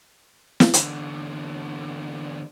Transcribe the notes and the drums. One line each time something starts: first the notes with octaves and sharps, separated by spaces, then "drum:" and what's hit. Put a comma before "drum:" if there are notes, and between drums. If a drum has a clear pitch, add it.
drum: snare
E2 D3, drum: hi-hat